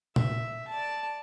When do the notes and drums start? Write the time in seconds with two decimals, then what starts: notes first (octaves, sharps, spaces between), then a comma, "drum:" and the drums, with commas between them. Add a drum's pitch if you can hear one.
0.16 E5, drum: tom A#2
0.68 D5 A5